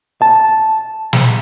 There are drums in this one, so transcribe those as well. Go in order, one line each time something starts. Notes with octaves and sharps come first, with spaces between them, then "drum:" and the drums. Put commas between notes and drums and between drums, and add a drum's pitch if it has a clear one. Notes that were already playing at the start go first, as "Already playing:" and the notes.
A5
drum: snare